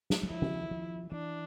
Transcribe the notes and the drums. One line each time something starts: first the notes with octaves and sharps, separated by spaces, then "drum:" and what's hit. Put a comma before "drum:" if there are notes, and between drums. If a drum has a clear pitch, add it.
drum: snare
G3
F3 E4
drum: tom D#3
F3
E3 D4